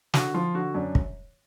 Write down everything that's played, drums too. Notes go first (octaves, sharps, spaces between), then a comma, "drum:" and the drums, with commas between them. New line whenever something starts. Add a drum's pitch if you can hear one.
D3 F#4, drum: snare
F3 F4
D3 F#4
F#2 D4
drum: kick